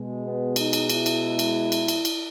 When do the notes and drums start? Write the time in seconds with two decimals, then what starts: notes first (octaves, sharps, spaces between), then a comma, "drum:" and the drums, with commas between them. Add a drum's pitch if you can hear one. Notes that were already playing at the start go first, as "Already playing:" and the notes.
Already playing: B2 G#3
0.23 B3
0.56 D#4, drum: cymbal
0.73 drum: cymbal
0.90 E4, drum: cymbal
1.06 drum: cymbal
1.39 drum: cymbal
1.72 drum: cymbal
1.88 drum: cymbal
2.05 drum: cymbal